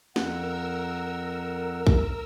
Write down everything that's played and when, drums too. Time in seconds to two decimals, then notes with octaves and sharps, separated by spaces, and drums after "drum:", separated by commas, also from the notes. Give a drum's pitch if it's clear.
0.16 F2 A#4 F#5 E6, drum: snare
1.87 drum: kick A#1